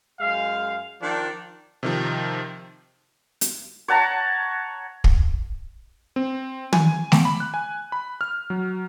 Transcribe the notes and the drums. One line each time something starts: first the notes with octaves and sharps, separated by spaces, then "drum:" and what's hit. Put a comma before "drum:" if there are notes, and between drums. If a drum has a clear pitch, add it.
F#2 G#3 F5
D#3 F3 D4
C3 D#3 F3
drum: hi-hat
C#5 F#5 A5 A#5
drum: kick
C4
G#5, drum: tom
D6, drum: snare
B5
F#6
G#5
B5
F6
F#3